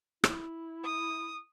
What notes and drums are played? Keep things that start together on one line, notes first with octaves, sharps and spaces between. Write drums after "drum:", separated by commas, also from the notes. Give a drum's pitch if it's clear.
E4, drum: rim click
D#6